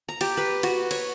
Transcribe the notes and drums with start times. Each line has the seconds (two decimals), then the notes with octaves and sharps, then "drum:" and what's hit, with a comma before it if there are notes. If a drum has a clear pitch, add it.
0.08 A#5
0.21 G4, drum: cymbal
0.37 B4
0.63 F#4, drum: cymbal
0.91 C#5, drum: cymbal